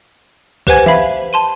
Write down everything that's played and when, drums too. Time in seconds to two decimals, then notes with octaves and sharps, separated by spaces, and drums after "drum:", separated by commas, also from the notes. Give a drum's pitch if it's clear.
0.67 G4 B4 C5 F#5 G#5 G#6, drum: kick B1
0.86 E5 F5 B5 B6, drum: tom E3
1.33 A5 C6 D#7